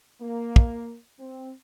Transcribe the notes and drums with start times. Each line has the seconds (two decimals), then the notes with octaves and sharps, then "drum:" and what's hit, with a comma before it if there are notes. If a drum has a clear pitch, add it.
0.21 A#3
0.56 drum: kick
1.19 C4